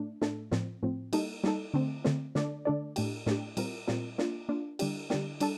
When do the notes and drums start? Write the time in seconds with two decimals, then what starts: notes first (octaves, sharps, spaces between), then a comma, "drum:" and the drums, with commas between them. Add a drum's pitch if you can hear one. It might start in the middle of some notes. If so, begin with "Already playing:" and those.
Already playing: A2 A3 D4
0.21 A2 A3 D4 A4, drum: snare
0.51 A2 F3 C4, drum: snare
0.83 A2 F3 C4
1.13 G3 A#3 D#4 A4, drum: cymbal
1.44 G3 A#3 D#4 A4, drum: snare
1.74 D3 A3 C4
2.04 D3 A3 C4, drum: snare
2.35 D3 A3 D4 A4 D5, drum: snare
2.65 D3 A3 D4 A4 D5
2.96 A2 A3 D4 G4, drum: cymbal
3.26 A2 A3 D4 G4, drum: snare
3.57 A#2 G3 C4 F4 A#4, drum: cymbal
3.88 A#2 G3 C4 F4 A#4, drum: snare
4.18 A#3 D4 F4, drum: snare
4.49 A#3 D4 F4
4.79 D3 G3 D4 G4, drum: cymbal
5.10 D3 G3 D4 G4, drum: snare
5.40 G3 D4 A4, drum: cymbal